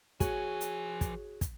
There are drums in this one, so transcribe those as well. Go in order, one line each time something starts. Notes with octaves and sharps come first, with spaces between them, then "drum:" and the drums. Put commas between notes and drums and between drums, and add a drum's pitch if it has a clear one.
F3 F#4 G#4 C#5 G#5, drum: kick, hi-hat
drum: hi-hat
drum: kick, hi-hat
drum: kick, hi-hat